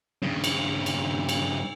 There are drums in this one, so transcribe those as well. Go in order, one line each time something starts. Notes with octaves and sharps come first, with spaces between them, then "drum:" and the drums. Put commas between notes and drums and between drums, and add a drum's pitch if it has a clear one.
G2 C#3
drum: cymbal
drum: cymbal
drum: cymbal